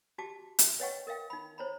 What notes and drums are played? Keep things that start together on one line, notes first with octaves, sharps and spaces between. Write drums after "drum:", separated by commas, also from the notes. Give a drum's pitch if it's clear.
F#4 G4 A5 D6
drum: hi-hat
B4 C#5 D#5 F#5 G5 C#6
A#4 D#5 F5 G5
D#4 B5
C5 C#5 A#5 B5